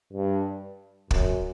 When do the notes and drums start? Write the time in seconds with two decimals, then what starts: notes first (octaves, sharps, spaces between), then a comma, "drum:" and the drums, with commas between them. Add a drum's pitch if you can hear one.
0.13 G2
1.11 F#2, drum: kick